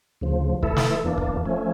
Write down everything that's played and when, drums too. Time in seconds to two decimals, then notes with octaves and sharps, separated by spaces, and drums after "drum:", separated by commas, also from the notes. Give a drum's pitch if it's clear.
0.21 D2 C#3 F3
0.63 E3 A3 E4 A4, drum: kick
0.77 drum: snare
1.04 E2 E3 A#3 D4
1.18 drum: kick
1.46 F3 A3 C#4